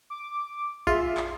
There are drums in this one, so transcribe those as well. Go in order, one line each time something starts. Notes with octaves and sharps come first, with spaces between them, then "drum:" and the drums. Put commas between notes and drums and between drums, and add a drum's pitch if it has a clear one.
D6
F4 G#4 E5, drum: kick A1, tambourine
drum: clap